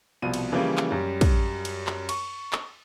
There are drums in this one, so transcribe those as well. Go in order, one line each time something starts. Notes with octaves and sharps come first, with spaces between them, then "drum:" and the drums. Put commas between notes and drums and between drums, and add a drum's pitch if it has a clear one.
C2 B2 F3 D#7
drum: cymbal
C#3 E3 F3 G3 A#3 C#4
drum: clap
F#2 G3
drum: kick, cymbal
drum: cymbal
drum: clap
C#6, drum: cymbal
drum: clap